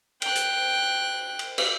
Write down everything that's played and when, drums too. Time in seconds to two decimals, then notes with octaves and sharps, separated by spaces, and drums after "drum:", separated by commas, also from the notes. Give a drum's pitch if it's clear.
0.22 G5 F#6, drum: cymbal
0.35 drum: hi-hat
1.39 drum: cymbal
1.58 drum: cymbal